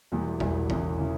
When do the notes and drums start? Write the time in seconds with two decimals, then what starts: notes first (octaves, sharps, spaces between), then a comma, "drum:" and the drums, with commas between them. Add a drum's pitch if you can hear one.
0.12 E1 E2 E3 G3
0.40 E1 E2 E3 G3, drum: kick
0.70 E1 E2 C#3 E3, drum: kick
0.98 C#3 E3